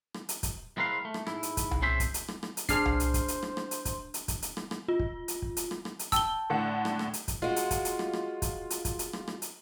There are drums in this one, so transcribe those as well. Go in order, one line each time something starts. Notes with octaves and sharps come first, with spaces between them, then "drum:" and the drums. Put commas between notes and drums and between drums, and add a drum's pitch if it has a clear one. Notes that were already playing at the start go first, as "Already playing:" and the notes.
drum: rim click
drum: hi-hat
drum: kick, hi-hat
C2 G#3 C4 A#4 B4 F5
A3
drum: rim click
G#2 E4, drum: rim click
drum: hi-hat
drum: kick, hi-hat
drum: tom C2
C4 C#4 G#4 C5 E5
drum: kick, hi-hat
drum: hi-hat
drum: rim click
drum: rim click
drum: hi-hat
D4 G#4 C5 F6 C7, drum: kick, hi-hat
drum: tom C2
drum: hi-hat
drum: kick, hi-hat
drum: hi-hat
drum: rim click
drum: rim click
drum: hi-hat
drum: kick, hi-hat
drum: hi-hat
drum: kick, hi-hat
drum: hi-hat
drum: rim click
drum: rim click
F4
drum: kick
drum: hi-hat
drum: kick
drum: hi-hat
drum: rim click
drum: rim click
drum: hi-hat
G5 A5 E6 G7, drum: kick, hi-hat
A2 D3 F#5
drum: rim click
drum: rim click
drum: hi-hat
drum: kick, hi-hat
G#3 F4 F#4
drum: hi-hat
drum: kick, hi-hat
drum: hi-hat
drum: rim click
drum: rim click
drum: kick, hi-hat
drum: hi-hat
drum: kick, hi-hat
drum: hi-hat
drum: rim click
drum: rim click
drum: hi-hat